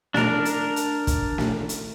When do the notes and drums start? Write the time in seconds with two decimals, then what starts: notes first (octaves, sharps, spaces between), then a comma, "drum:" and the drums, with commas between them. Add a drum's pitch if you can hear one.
0.14 D4 A#4, drum: snare
0.45 drum: hi-hat
0.76 drum: hi-hat
1.07 drum: kick, hi-hat
1.38 drum: snare
1.69 drum: hi-hat